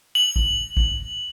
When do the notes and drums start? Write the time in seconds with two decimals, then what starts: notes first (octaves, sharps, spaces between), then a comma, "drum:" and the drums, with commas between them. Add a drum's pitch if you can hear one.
0.15 F#7
0.36 drum: kick
0.77 drum: kick